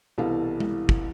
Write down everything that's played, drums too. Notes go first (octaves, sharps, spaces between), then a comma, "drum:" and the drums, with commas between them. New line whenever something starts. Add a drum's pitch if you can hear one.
C2 B2 E3 A4 F5
drum: tom G#3
drum: kick